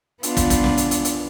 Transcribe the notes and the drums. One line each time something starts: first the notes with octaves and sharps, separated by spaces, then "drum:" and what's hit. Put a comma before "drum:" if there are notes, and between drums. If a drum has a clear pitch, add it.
B3 D4 F4, drum: hi-hat
drum: kick, hi-hat
drum: kick, hi-hat
drum: snare
drum: hi-hat
drum: hi-hat
drum: hi-hat